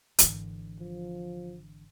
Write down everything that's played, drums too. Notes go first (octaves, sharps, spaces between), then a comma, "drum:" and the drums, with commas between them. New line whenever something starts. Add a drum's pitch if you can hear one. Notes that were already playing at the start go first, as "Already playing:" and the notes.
G#1 D3 E3, drum: hi-hat
F3